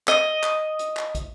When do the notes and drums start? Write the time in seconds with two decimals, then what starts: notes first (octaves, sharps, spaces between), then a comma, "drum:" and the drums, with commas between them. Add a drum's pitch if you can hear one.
0.08 D#5, drum: clap
0.44 drum: clap
0.79 drum: hi-hat
0.97 drum: clap
1.15 drum: kick, hi-hat